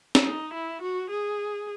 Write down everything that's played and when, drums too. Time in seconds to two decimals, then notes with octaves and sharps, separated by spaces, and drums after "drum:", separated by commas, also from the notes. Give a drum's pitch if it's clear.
0.15 drum: snare
0.25 D#4
0.54 E4
0.82 F#4
1.10 G#4